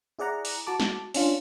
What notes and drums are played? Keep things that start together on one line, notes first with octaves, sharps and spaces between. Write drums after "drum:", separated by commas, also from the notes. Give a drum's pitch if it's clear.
E4 G#4 D5 F#5 A#5
drum: open hi-hat
F#4 A5 D6
drum: snare
C#4 D4 F4, drum: open hi-hat